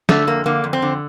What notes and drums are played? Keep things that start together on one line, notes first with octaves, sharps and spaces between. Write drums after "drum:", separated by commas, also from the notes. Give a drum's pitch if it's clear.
D3 A3, drum: snare
F2 A#3
D3 A#3
F2
C4
D3